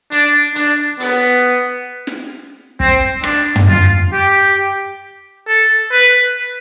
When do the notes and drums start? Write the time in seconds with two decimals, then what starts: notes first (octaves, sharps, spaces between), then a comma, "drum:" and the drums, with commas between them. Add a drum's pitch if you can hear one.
0.11 D4, drum: hi-hat
0.55 D4, drum: hi-hat
1.00 B3, drum: open hi-hat
2.07 drum: snare
2.80 C4, drum: kick
3.24 D4, drum: rim click
3.56 drum: tom
3.68 F4
4.13 G4
5.47 A4
5.92 B4